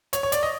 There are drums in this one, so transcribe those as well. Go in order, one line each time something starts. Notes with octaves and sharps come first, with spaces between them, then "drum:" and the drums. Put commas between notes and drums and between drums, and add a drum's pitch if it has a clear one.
C#5, drum: hi-hat
C#5
D5, drum: hi-hat
D#5